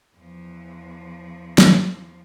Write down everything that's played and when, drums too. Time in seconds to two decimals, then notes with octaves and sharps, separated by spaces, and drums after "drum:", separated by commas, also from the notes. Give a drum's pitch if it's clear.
0.17 E2 F3
1.58 drum: snare